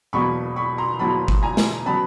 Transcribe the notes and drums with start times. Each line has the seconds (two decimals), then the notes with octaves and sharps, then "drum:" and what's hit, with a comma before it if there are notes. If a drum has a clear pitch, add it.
0.13 E1 E2 B2 F#3 A#3 B5 C#6
0.56 B5 C#6
0.78 A#5 C6
0.99 E1 E2 B2 F#3 A#3 A5 B5
1.28 drum: kick G1
1.42 G#5 A#5
1.57 drum: snare
1.86 C#3 F#3 B3 A5 B5